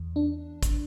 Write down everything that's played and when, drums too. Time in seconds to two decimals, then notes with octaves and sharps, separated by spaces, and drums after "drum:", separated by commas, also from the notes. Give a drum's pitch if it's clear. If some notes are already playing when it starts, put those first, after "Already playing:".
Already playing: E2
0.16 D4
0.63 drum: kick, hi-hat